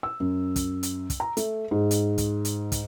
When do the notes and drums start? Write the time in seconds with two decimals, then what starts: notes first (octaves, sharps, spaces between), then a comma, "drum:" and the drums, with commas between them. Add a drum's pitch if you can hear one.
0.03 E6
0.20 F#2
0.56 drum: kick, hi-hat
0.83 drum: hi-hat
1.10 drum: kick, hi-hat
1.20 A#5
1.37 A3, drum: hi-hat
1.71 G#2
1.91 drum: hi-hat
2.18 drum: kick, hi-hat
2.45 drum: hi-hat
2.72 drum: kick, hi-hat